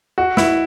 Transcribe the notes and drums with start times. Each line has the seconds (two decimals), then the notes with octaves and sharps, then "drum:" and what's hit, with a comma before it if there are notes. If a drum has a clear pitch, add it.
0.18 F#4
0.37 E4, drum: snare